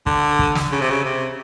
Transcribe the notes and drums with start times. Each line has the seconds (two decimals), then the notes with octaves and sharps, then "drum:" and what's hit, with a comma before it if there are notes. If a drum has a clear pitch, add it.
0.06 D3, drum: kick
0.39 drum: kick
0.55 drum: snare
0.72 C#3
0.81 C3
0.90 C#3
1.05 C3